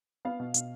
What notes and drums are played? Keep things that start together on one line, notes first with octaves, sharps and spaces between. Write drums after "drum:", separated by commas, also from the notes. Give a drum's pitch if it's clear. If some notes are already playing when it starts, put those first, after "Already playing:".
B3 F5
B2
B2, drum: hi-hat